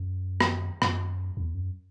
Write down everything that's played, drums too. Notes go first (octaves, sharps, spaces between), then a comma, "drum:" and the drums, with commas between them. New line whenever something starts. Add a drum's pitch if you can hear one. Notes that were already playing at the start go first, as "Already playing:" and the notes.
Already playing: F#2
drum: rim click
F#2, drum: rim click
E2
F#2